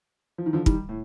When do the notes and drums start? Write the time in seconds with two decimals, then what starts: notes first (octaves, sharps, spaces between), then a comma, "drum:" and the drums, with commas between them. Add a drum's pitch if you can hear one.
0.38 F3
0.46 D#3
0.53 D3 F3
0.66 D#3 G3, drum: kick
0.89 A2